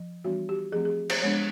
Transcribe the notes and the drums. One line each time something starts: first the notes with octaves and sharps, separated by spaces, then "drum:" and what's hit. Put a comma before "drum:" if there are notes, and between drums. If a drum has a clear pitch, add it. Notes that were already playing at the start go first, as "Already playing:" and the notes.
Already playing: F3
E3 G3 B3 D4 F#4
G4
F3 A3 C4 G#4
G#4
C5, drum: cymbal
F3 G#3 B3 D4 C#5